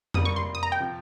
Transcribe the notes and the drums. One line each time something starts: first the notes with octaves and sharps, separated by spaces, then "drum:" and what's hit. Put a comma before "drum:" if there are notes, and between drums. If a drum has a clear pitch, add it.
C3 G3 A#3 D#6, drum: tom F2
C#6
C6
D#6
A#5
G5
C3 F3